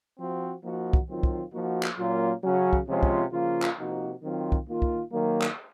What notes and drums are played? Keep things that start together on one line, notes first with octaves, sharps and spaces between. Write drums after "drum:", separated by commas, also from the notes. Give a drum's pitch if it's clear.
F3 C4 F#4
F3 A#3 D#4 F#4
drum: kick
D#3 F#3 C4 F4
drum: kick
F3 A#3 D#4 F#4
drum: clap
A#2 F#3 A#3 C#4 F4
C#3 F#3 C#4 F#4
drum: kick
C3 F3 G#3 C#4 F4
drum: kick
C#3 F3 A#3 F4
drum: clap
C3 F3 A#3 D#4 F#4
D#3 F#3 C4 F4
drum: kick
D#3 A#3 F4
drum: kick
D#3 F#3 A#3
drum: clap